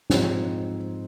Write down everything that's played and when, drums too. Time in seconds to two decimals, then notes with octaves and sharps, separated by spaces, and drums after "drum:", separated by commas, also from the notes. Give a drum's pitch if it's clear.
0.10 G#2 F3 C4 D#4, drum: snare